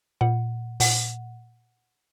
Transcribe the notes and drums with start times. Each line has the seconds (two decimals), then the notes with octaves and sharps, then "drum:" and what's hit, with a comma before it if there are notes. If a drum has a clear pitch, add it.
0.21 A#2 F#5
0.80 A#2 F#5, drum: open hi-hat